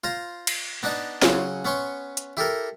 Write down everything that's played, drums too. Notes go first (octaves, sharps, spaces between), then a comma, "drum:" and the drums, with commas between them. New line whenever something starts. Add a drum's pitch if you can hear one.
F4 C5 A#5
drum: cymbal
B3 D4 D#4 A5
C#3 F#3 C#4 G#5 C6, drum: snare
B3 C#4 C#5 C6 C#6
drum: hi-hat
E4 G4 A4 A#4